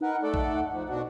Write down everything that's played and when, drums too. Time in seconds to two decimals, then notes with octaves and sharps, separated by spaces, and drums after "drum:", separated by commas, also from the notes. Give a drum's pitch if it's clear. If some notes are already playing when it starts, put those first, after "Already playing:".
0.01 D#4 A#4 B4 F#5
0.23 A3 A4 D5
0.34 drum: kick
0.73 F3
0.90 B2 D4 F#4